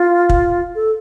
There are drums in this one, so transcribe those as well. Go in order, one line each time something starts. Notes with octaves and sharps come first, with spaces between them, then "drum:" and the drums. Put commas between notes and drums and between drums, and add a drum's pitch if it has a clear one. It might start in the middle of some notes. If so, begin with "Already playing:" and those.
Already playing: F4
drum: kick
A4